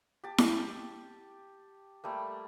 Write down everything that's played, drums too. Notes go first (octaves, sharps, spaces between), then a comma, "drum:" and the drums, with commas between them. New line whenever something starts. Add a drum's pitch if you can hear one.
G4 A5
drum: snare E4
G3 A3 A#3